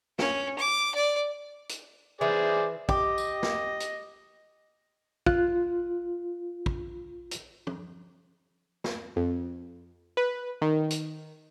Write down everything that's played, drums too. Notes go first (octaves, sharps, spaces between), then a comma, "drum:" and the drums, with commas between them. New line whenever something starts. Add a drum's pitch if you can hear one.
C#4, drum: snare
D6
D5
drum: hi-hat
E3 G#4 C5 D5
G4 D#5, drum: kick
drum: tambourine
drum: snare
drum: hi-hat
F4 F#6, drum: kick
drum: kick
drum: hi-hat
drum: tom
drum: snare
F2
B4
D#3
drum: hi-hat